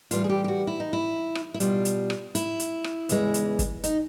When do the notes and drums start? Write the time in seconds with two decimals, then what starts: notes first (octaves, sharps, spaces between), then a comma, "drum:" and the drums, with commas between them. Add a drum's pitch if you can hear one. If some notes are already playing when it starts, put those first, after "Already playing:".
0.11 A2 E3 G3 F4, drum: hi-hat
0.24 G#4
0.29 G4
0.44 G4
0.48 F#4
0.67 E4
0.80 D#4
0.93 E4
1.35 drum: rim click
1.54 E4
1.60 B2 G3 F4, drum: hi-hat
1.85 drum: hi-hat
2.10 drum: rim click
2.35 E4, drum: hi-hat
2.60 drum: hi-hat
2.84 drum: rim click
3.09 E2 C#3 E3 G#3, drum: hi-hat
3.34 drum: hi-hat
3.59 drum: kick, hi-hat
3.84 D#4, drum: hi-hat